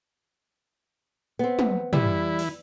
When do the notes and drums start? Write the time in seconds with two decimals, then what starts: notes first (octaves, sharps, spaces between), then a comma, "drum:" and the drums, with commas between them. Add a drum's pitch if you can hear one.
1.39 B3 C4
1.59 drum: tom
1.93 E3 G3 E4, drum: tom
2.39 drum: open hi-hat